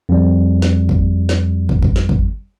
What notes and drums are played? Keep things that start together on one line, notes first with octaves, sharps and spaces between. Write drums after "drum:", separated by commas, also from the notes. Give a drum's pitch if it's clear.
F2 G3
drum: snare
drum: kick
drum: snare
drum: kick
drum: kick
drum: snare
drum: kick